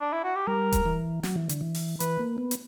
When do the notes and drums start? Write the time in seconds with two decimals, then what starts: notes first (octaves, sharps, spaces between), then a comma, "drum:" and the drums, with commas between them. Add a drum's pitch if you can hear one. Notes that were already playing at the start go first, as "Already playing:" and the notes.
0.01 D4
0.13 E4
0.24 F#4
0.35 G4
0.47 G3 A#4
0.72 drum: kick D#1, hi-hat
0.86 E3
1.23 F#3, drum: snare
1.36 E3
1.49 D3, drum: hi-hat
1.61 E3
1.75 drum: open hi-hat
2.00 E3 B4, drum: hi-hat
2.19 A#3
2.38 B3
2.51 drum: hi-hat